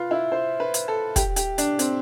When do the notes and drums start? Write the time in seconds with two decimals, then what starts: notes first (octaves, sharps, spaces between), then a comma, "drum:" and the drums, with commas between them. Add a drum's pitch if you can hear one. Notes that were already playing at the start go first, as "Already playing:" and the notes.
Already playing: F4 B4
0.11 E4
0.32 C5
0.60 B4
0.74 drum: hi-hat
0.88 A4
1.16 G4, drum: kick, hi-hat
1.36 G4, drum: hi-hat
1.58 D4, drum: hi-hat
1.79 C4, drum: hi-hat